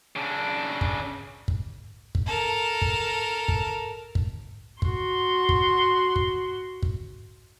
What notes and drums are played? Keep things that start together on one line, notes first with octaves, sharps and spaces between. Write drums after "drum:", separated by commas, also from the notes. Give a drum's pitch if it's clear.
C#3 D4
drum: kick
drum: kick
drum: kick
A4 A#4
drum: kick
drum: kick
drum: kick
F#4 C6, drum: kick
drum: kick
drum: kick
drum: kick